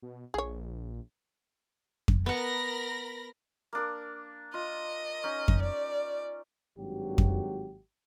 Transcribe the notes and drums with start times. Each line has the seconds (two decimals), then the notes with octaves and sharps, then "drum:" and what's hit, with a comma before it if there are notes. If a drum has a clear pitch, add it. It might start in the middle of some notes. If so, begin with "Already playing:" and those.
0.02 B2
0.34 A#1 G#4 C#5
2.08 drum: kick F2
2.26 B3 A#4 F#5 B5 A#6
3.73 A#3 D4 A#4
4.54 F4 D#5
5.24 C#4 D#4
5.48 drum: kick F2
5.62 D5
6.77 G#1 G2 F#3 G4
7.18 drum: kick F2